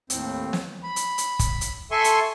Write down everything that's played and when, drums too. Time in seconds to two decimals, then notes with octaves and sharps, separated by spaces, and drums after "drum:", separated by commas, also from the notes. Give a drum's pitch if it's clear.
0.10 D#2 A2 C4, drum: hi-hat
0.53 drum: snare
0.83 B5
0.96 drum: hi-hat
1.18 drum: hi-hat
1.39 drum: kick, hi-hat
1.61 drum: hi-hat
1.91 A4 E5 G#5 C6 C#6
2.04 drum: hi-hat